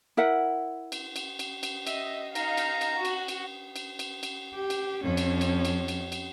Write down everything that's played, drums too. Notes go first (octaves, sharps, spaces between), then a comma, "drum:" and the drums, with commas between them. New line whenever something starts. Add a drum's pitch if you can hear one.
E4 A#4 E5 F#5
drum: cymbal
drum: cymbal
drum: cymbal
drum: cymbal
D#5 E5, drum: cymbal
D#4 F5 A#5, drum: cymbal
drum: cymbal
drum: cymbal
F#4
drum: cymbal
drum: cymbal
drum: cymbal
drum: cymbal
drum: cymbal
G4
drum: cymbal
F2 C#4
drum: cymbal
drum: cymbal
drum: cymbal
drum: cymbal
drum: cymbal